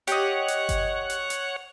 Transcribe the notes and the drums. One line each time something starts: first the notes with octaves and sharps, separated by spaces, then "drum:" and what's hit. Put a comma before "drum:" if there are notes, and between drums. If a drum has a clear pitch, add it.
G4 C#5 D#5 F#5, drum: hi-hat
drum: hi-hat
drum: kick G1, hi-hat
drum: hi-hat
drum: hi-hat